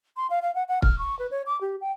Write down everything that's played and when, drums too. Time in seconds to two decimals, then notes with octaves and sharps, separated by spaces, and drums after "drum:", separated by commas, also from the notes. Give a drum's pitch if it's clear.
0.17 C6
0.30 F5
0.42 F5
0.55 F#5
0.69 F#5
0.82 F6, drum: kick
0.98 C#6
1.19 B4
1.31 C#5
1.46 D6
1.61 G4
1.81 G5